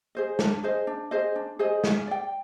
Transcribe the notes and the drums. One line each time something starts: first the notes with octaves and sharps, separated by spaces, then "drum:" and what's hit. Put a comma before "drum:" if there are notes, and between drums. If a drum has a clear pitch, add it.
G#4 C5 D#5
D4, drum: snare
G#4 C5 D#5
D4
G#4 C5 D#5
D4
G#4 C5 D#5
G#4, drum: snare
D5 G5